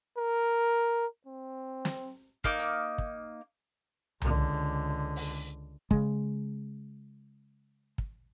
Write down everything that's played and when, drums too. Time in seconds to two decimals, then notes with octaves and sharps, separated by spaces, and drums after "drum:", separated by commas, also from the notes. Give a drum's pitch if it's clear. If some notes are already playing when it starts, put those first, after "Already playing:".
0.18 A#4
1.26 C4
1.85 drum: snare
2.44 A#3 D#4 D6, drum: kick
2.59 drum: hi-hat
2.98 drum: kick
4.22 C#2 D3, drum: tom C2
5.16 drum: open hi-hat
5.91 C#3 G#3, drum: kick
7.98 drum: kick